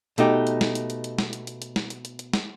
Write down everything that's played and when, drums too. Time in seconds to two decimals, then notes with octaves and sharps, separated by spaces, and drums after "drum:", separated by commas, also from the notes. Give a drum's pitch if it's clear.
0.18 B2 A3 D#4 G4, drum: hi-hat
0.47 drum: hi-hat
0.61 drum: snare
0.75 drum: hi-hat
0.90 drum: hi-hat
1.04 drum: hi-hat
1.19 drum: snare
1.33 drum: hi-hat
1.47 drum: hi-hat
1.62 drum: hi-hat
1.76 drum: snare
1.90 drum: hi-hat
2.05 drum: hi-hat
2.19 drum: hi-hat
2.33 drum: snare